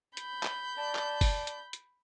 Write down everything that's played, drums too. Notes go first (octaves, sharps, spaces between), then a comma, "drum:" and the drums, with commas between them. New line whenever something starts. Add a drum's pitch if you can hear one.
B5 G6, drum: hi-hat
drum: clap
D5 A5
drum: clap
drum: kick F#1, open hi-hat
drum: hi-hat
drum: hi-hat